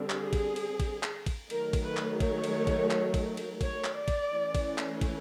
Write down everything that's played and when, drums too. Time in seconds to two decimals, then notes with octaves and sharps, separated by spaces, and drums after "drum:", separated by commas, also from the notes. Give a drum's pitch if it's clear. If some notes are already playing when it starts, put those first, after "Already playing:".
Already playing: D3 G3 C4
0.10 G#4, drum: clap
0.33 drum: kick, cymbal
0.56 drum: cymbal
0.80 drum: kick, cymbal
1.03 drum: clap
1.26 drum: kick, cymbal
1.50 D#3 F#3 A3 A#4, drum: cymbal
1.73 drum: kick, cymbal
1.85 B4
1.97 drum: clap
2.20 C#5, drum: kick, cymbal
2.44 drum: cymbal
2.67 drum: kick, cymbal
2.90 drum: clap
3.14 drum: kick, cymbal
3.37 drum: cymbal
3.61 C#5, drum: kick, cymbal
3.84 drum: clap
3.96 D5
4.08 drum: kick, cymbal
4.31 E3 A3 C#4
4.55 drum: kick, cymbal
4.78 drum: clap
5.01 drum: kick, cymbal